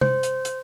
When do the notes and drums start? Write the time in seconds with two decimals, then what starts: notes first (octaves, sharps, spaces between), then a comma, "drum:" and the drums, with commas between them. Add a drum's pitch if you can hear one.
0.01 C5, drum: tom C3
0.23 drum: hi-hat
0.45 drum: hi-hat